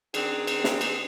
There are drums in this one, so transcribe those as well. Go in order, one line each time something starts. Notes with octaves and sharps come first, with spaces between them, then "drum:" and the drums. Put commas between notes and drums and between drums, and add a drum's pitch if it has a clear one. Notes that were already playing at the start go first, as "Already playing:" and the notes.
D#3 C4 D4 G#4, drum: cymbal
drum: cymbal
drum: snare
drum: cymbal